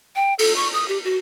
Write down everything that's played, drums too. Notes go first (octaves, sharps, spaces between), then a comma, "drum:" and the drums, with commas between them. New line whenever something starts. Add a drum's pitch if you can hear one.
G5
A4, drum: open hi-hat
C#6
D#6
G4
F#4